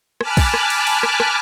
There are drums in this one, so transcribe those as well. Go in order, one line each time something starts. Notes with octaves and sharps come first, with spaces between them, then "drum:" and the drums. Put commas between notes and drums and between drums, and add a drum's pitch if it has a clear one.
G#5 A5 B5 D6 F6 F#6, drum: rim click
drum: kick, cymbal
drum: rim click
drum: cymbal
drum: cymbal
drum: rim click
drum: rim click